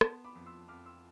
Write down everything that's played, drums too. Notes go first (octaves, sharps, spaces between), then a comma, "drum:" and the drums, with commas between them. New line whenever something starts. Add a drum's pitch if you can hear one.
B3 A5 C6, drum: rim click
B5 D6
F2
C6 E6
F2 D6 F6
C6 E6